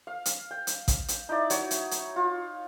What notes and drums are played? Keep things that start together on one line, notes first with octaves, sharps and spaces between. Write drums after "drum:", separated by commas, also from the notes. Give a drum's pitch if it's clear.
F5
drum: hi-hat
G5
drum: hi-hat
drum: kick A1, hi-hat
drum: hi-hat
D#4 E4 D5 E5
F#3 C#5, drum: hi-hat
drum: hi-hat
drum: hi-hat
F4